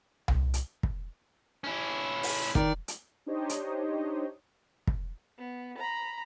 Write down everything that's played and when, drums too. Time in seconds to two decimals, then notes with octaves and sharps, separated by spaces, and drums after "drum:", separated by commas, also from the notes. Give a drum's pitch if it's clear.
0.28 drum: tom C2
0.54 drum: hi-hat
0.83 drum: kick
1.64 C#4 E4
2.23 drum: open hi-hat
2.55 D#3 D5, drum: kick
2.88 drum: hi-hat
3.26 D4 D#4 G4 C5 C#5 D#5
3.49 drum: hi-hat
4.87 drum: kick
5.39 B3
5.78 A#5 B5